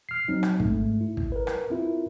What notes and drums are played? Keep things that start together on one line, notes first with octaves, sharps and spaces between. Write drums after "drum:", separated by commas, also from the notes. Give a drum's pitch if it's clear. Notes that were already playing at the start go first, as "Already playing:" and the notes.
F6 C7
F#3 C4 D#4
drum: rim click
G#2 A3, drum: kick
E4
drum: kick
A#4 B4
drum: rim click
C4 E4 F4 A#4